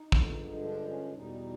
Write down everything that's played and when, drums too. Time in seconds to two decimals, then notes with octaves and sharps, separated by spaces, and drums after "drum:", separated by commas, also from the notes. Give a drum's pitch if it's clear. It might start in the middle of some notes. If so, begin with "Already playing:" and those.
Already playing: D#4
0.12 G2 D3 F3 G#3, drum: kick
0.64 D4
0.88 C#4
1.13 E2 B2 G3 D#4